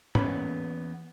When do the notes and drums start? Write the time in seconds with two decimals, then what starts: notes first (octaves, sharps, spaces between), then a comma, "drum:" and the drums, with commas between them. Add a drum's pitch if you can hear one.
0.15 E2 A#3 B3 C#4 B5, drum: tom